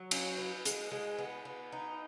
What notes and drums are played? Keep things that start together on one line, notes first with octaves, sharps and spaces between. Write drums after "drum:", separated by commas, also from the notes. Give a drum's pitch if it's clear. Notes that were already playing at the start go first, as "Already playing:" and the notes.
Already playing: F#3
C#4, drum: cymbal
B3
G#3, drum: hi-hat
G#3
B3
B3
D#4